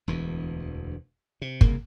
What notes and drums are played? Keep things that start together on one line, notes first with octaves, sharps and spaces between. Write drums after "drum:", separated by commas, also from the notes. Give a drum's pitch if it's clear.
E1 D2 E3
C3
C2 C#3 A#3, drum: kick